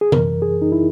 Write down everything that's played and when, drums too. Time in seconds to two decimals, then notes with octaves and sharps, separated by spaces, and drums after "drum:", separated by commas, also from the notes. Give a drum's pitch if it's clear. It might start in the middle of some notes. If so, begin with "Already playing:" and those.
0.01 G#4
0.12 F#2 E3 A#4, drum: tom C3
0.42 G#4
0.62 D#4
0.72 E4